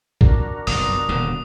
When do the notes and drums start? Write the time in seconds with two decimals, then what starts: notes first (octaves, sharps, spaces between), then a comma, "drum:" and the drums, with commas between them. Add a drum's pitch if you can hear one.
0.21 D4 F#4 A#4, drum: kick
0.67 F#1 B1 G2 D#6, drum: open hi-hat
1.09 D#1 B2 D3